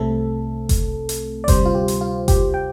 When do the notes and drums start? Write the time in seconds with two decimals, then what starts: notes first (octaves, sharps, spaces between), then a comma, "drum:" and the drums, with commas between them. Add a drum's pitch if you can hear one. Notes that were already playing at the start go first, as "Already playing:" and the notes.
Already playing: C2 C3 A3 C4 A4
0.69 drum: kick F#1, hi-hat
1.09 drum: hi-hat
1.44 D5
1.48 D2 C3 G3 C5, drum: kick F#1, hi-hat
1.65 F4
1.75 G4
1.88 drum: hi-hat
2.01 F4
2.28 G4, drum: kick F#1, hi-hat
2.54 G5